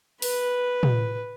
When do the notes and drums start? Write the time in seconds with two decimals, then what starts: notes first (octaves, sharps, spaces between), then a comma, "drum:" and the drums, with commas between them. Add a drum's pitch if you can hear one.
0.22 B4, drum: open hi-hat
0.83 drum: tom